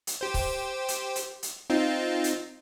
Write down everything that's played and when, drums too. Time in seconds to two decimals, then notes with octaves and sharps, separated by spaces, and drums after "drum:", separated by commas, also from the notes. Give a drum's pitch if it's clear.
0.07 drum: hi-hat
0.21 G4 C5
0.34 drum: kick C#1, open hi-hat
0.88 drum: hi-hat
1.15 drum: hi-hat
1.43 drum: hi-hat
1.70 C4 D#4 F4
2.24 drum: hi-hat